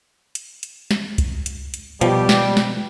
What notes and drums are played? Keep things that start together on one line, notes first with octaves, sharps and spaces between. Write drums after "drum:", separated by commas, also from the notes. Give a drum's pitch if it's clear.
drum: hi-hat
drum: hi-hat
drum: snare
drum: kick, hi-hat
drum: hi-hat
drum: hi-hat
B2 F3 G3 G4, drum: hi-hat
drum: snare
drum: snare